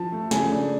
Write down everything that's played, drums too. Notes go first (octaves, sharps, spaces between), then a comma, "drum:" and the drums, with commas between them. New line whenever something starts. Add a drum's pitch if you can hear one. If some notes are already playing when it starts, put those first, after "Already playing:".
Already playing: F3 A5
A3
C#3 G#5, drum: snare
D4